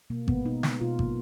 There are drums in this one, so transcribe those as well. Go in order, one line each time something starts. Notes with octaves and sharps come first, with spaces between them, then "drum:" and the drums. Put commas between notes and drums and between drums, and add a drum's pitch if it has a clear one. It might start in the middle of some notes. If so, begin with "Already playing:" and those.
B2 A#3
G#3 B3, drum: kick G#1
B2 D#4
G#3, drum: snare
B2 F4
F#3 A#3, drum: kick G#1